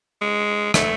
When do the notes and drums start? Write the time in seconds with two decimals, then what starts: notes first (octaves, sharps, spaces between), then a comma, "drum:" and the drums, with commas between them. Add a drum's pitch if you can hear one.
0.21 G#3
0.74 A3, drum: rim click